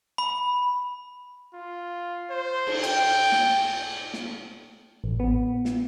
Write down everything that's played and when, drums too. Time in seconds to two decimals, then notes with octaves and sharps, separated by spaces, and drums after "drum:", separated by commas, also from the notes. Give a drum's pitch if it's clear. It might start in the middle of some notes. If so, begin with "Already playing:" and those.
0.18 B5
1.54 F4
2.30 C5
2.67 drum: cymbal
2.83 G5, drum: hi-hat
3.32 drum: snare
4.14 drum: snare
5.04 A1
5.20 B3
5.65 drum: snare